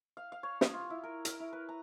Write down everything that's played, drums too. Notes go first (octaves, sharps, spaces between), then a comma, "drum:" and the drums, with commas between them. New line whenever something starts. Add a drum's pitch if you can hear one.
F5
F5
C#5
D#6, drum: snare
F4
E4
A#4
A#4, drum: hi-hat
E4
B4
A#5